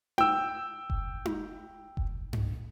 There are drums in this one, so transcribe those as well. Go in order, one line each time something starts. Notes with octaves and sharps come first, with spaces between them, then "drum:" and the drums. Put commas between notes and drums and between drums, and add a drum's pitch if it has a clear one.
G5 E6, drum: tom D#4
drum: kick F1
drum: tom D#4
drum: kick F1
drum: tom G2